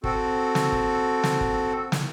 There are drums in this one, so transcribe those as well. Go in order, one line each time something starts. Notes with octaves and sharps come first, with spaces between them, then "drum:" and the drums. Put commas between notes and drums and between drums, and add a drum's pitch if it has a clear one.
C4 F#4 A4, drum: kick
drum: snare
drum: kick
drum: snare
drum: kick
drum: snare